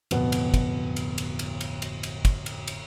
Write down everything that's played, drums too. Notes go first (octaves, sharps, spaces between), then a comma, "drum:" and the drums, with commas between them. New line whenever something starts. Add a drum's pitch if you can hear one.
D1 F2 B2 B4 F#5, drum: cymbal
drum: cymbal
drum: kick, cymbal
drum: cymbal
drum: cymbal
drum: cymbal
drum: cymbal
drum: cymbal
drum: cymbal
drum: kick, cymbal
drum: cymbal
drum: cymbal